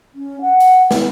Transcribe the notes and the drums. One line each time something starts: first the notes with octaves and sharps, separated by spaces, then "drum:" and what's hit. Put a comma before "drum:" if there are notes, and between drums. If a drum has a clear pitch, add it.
C#4
F#5
drum: hi-hat
B3, drum: snare